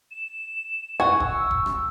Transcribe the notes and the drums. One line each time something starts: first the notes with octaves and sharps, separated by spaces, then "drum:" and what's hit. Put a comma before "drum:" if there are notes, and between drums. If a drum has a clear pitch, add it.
E7
F#5 G#5 C#6
E6, drum: kick F1
drum: kick F1
drum: rim click